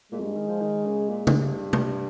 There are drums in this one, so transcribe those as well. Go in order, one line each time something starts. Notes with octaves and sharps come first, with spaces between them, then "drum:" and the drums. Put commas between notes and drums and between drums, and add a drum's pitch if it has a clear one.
A#2 G#3
F2
G2
D#3
F3
D#3
C#3
A#2
F2, drum: tom
G2
drum: tom C3